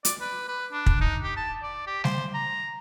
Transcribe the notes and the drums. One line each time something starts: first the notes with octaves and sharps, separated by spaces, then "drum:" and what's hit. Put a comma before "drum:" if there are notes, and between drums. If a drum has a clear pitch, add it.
D5, drum: hi-hat
B4
B4
D4
drum: kick
D#4
G4
A5
D5
G4
C5, drum: snare G3
A#5